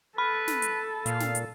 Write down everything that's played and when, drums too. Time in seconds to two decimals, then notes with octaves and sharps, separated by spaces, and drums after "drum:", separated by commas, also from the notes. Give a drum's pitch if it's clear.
0.18 A4 B4 B5
0.48 drum: snare
0.62 drum: hi-hat
1.06 A#2 F5, drum: hi-hat
1.20 drum: snare
1.35 drum: hi-hat